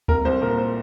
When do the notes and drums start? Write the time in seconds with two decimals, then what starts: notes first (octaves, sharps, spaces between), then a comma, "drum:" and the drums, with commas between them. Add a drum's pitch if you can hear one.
0.08 C2 A#4, drum: kick D2
0.25 C2 C5
0.42 A#2 A#4
0.58 C5